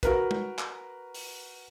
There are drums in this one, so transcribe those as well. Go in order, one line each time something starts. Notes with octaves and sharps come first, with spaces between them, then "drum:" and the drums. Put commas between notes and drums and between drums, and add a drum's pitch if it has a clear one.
F#4 A#4 B4, drum: kick, hi-hat
drum: tom G#3
drum: clap
drum: open hi-hat